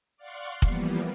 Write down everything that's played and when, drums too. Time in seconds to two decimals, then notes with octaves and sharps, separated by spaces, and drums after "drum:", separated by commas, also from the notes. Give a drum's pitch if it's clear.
0.17 D5 F5 F#5 C6 C#6
0.62 E3 F3 G3 A#3 B3, drum: kick